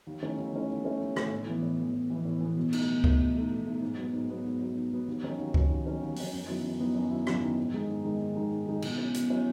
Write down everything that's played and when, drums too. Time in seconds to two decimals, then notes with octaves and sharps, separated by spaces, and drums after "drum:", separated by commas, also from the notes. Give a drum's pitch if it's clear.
0.07 D#2
0.22 D#3 A3 C#4 E4
0.38 D#2
0.53 D#3 A3 C#4 E4
0.69 D#2
0.84 D#3 A3 C#4 E4
1.01 D#2
1.16 D#3 A3 C#4 E4, drum: rim click
1.31 A2
1.47 E3 B3
1.62 A2
1.79 E3 B3
1.94 A2
2.10 E3 B3
2.25 A2
2.40 E3 B3
2.57 B2
2.73 A3 D#4, drum: cymbal
2.88 B2
3.04 A3 D#4, drum: kick C#2
3.19 B2
3.36 A3 D#4
3.50 B2
3.67 A3 D#4
3.81 G#2
3.97 F#3 B3
4.13 G#2
4.29 F#3 B3
4.44 G#2
4.61 F#3 B3
4.76 G#2
4.91 F#3 B3
5.08 D#2
5.23 D#3 F#3 C#4
5.38 D#2
5.54 D#3 F#3 C#4, drum: kick C#2
5.70 D#2
5.85 D#3 F#3 C#4
6.01 D#2
6.16 D#3 F#3 C#4, drum: open hi-hat
6.33 F#2
6.47 D#3 F#3 B3 E4
6.63 F#2
6.80 D#3 F#3 B3 E4
6.94 F#2
7.10 D#3 F#3 B3 E4
7.27 F#2, drum: rim click
7.41 D#3 F#3 B3 E4
7.58 G#2
7.72 D#3 G#3 D#4
7.88 G#2
8.04 D#3 G#3 D#4
8.20 G#2
8.35 D#3 G#3 D#4
8.52 G#2
8.67 D#3 G#3 D#4
8.82 B2, drum: cymbal
8.98 F#3 C#4 E4
9.14 B2, drum: hi-hat
9.29 F#3 C#4 E4